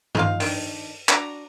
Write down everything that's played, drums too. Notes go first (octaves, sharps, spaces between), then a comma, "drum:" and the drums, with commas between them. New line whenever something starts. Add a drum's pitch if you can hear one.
D#4 F4 F5, drum: tom G2
D#3 D4, drum: open hi-hat
D4 F#4 A#5, drum: clap